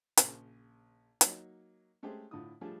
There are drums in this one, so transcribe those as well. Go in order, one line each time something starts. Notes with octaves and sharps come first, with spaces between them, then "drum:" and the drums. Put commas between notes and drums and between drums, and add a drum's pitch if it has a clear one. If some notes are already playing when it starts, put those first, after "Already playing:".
A#1 C#3 A#4 C5 G#5, drum: hi-hat
F#3 A#3 D#4 C#5, drum: hi-hat
G#3 A3 C#4 G4 G#4 C5
A2 D3 E4 F4 D#6
F3 G3 A3 D4 F4 G#4